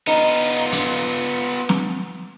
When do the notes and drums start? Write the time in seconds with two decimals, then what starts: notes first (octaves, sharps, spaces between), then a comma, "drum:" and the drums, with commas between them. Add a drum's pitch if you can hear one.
0.07 B3 D#4 F4
0.72 drum: hi-hat
1.69 drum: snare